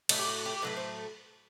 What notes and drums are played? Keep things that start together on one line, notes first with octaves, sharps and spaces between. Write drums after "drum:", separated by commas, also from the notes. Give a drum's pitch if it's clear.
A2 F#3 A3 D#4, drum: cymbal
G4
F#4
G4
A2 F#3 A3 B4
C5